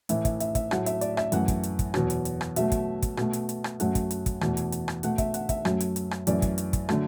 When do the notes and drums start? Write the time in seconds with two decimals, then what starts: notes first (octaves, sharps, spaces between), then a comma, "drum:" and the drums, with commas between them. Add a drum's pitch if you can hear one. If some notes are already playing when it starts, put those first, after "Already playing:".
0.09 A2 E3 A3 E5, drum: hi-hat
0.25 E5, drum: kick, hi-hat
0.40 E5, drum: hi-hat
0.55 E5, drum: kick, hi-hat
0.71 A2 F#3 A3 F#5, drum: rim click
0.86 E5, drum: hi-hat
1.01 D5, drum: hi-hat
1.17 E5, drum: rim click
1.32 F#2 E3 A3 F#5, drum: hi-hat
1.48 drum: kick, hi-hat
1.63 drum: hi-hat
1.79 drum: kick, hi-hat
1.94 E2 B2 F#3, drum: rim click
2.10 drum: hi-hat
2.25 drum: hi-hat
2.41 drum: rim click
2.56 B2 F#3 A3 E5, drum: hi-hat
2.72 drum: kick, hi-hat
3.02 drum: kick, hi-hat
3.17 B2 A3, drum: rim click
3.33 drum: hi-hat
3.49 drum: hi-hat
3.64 drum: rim click
3.80 F#2 F#3 A3 F#5, drum: hi-hat
3.95 drum: kick, hi-hat
4.11 drum: hi-hat
4.26 drum: kick, hi-hat
4.41 E2 B2 A3, drum: rim click
4.57 drum: hi-hat
4.72 drum: hi-hat
4.88 drum: rim click
5.03 B2 A3 F#5, drum: hi-hat
5.18 E5, drum: kick, hi-hat
5.34 F#5, drum: hi-hat
5.49 E5, drum: kick, hi-hat
5.65 F#2 F#3 A3, drum: rim click
5.80 drum: hi-hat
5.96 drum: hi-hat
6.11 drum: rim click
6.27 F#2 E3 A3 D5, drum: hi-hat
6.42 drum: kick, hi-hat
6.58 drum: hi-hat
6.73 drum: kick, hi-hat
6.89 D3 F#3 A3, drum: rim click